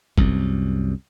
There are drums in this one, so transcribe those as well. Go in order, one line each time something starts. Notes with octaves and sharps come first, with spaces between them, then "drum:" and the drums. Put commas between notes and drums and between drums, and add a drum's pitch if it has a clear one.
C2 F#2, drum: kick G1